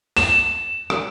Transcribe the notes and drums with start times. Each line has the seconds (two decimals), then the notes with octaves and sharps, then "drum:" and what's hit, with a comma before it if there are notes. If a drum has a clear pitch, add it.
0.17 E7, drum: open hi-hat
0.90 drum: rim click